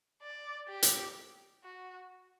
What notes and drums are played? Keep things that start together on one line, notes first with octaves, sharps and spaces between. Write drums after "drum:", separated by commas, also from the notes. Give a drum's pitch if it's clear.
D5
G4
drum: hi-hat
F#4